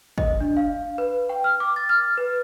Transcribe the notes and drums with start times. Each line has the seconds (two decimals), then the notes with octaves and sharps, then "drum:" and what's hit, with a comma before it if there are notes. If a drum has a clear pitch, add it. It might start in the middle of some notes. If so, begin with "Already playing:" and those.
0.18 D#5, drum: kick
0.40 D4
0.57 F5
0.98 B4
1.29 G5
1.44 F6
1.60 D6
1.76 A6
1.89 F6
2.18 B4